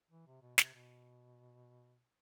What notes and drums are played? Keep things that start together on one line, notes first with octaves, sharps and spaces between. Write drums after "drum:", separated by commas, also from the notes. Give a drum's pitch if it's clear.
E3
C3
B2
C3, drum: snare
B2